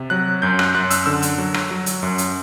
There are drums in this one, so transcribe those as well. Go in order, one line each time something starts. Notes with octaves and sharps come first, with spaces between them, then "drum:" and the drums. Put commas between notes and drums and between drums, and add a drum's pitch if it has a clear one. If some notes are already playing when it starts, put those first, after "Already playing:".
Already playing: C3
F#3 F#6
F#2 G6
F#6, drum: rim click
F#2 F#6
E6, drum: hi-hat
D3 E6
drum: hi-hat
F#3
drum: rim click
F#3
drum: hi-hat
F#2
drum: hi-hat